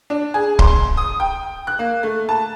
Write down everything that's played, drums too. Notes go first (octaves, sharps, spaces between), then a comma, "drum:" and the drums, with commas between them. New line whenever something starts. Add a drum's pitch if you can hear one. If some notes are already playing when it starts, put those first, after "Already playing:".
D4
G#4
C6, drum: kick C#1
D#6
G5
F#6
A#3
A3
A5